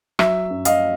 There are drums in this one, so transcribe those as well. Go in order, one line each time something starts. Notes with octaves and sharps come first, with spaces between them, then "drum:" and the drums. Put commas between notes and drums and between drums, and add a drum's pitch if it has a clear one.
F#3 E5, drum: rim click
F#2
D#5 F5, drum: hi-hat